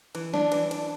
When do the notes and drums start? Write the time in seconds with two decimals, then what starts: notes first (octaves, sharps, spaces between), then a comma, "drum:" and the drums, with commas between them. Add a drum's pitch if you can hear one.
0.15 E3, drum: cymbal
0.34 D4, drum: snare
0.52 E3, drum: cymbal
0.71 D4, drum: cymbal